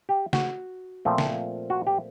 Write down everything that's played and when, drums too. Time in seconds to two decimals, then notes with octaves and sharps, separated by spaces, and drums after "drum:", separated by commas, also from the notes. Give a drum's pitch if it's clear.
0.09 G4
0.33 F#4, drum: snare
1.05 A#2 F3 A3 C4 F4
1.18 drum: snare
1.70 F#4
1.87 G4